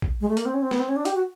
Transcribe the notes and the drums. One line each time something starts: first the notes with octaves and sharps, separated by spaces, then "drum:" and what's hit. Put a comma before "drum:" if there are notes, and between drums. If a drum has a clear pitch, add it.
drum: kick B1
G#3
A3
A#3, drum: hi-hat
C4
C#4
C4
B3, drum: snare
C4
C#4
D4
G4, drum: hi-hat
F#4